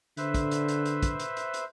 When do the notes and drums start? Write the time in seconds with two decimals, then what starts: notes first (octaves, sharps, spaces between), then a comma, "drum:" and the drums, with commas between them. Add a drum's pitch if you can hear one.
0.17 D3 B4 C5 E5, drum: hi-hat
0.34 drum: kick, hi-hat
0.51 drum: hi-hat
0.68 drum: hi-hat
0.86 drum: hi-hat
1.03 drum: kick, hi-hat
1.20 drum: hi-hat
1.37 drum: hi-hat
1.54 drum: hi-hat